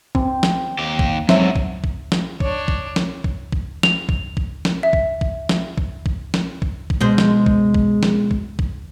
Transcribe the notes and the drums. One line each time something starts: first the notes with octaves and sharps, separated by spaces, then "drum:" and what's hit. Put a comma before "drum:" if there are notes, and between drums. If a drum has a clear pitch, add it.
C4, drum: kick
drum: snare
D#2 G4
drum: kick
G#2 D3 F#3 C4 E5, drum: snare
drum: kick
drum: kick
drum: snare
D4 C#5, drum: kick
drum: kick
drum: snare
drum: kick
drum: kick
F7, drum: snare
drum: kick
drum: kick
drum: snare
E5
drum: kick
drum: kick
drum: snare
drum: kick
drum: kick
drum: snare
drum: kick
drum: kick
B2 G#3 C5
drum: snare
drum: kick
drum: kick
drum: snare
drum: kick
drum: kick